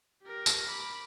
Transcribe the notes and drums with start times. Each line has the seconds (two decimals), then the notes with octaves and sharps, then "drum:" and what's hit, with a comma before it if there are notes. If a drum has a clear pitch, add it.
0.23 G4 A#4
0.46 drum: tambourine
0.68 B5 D6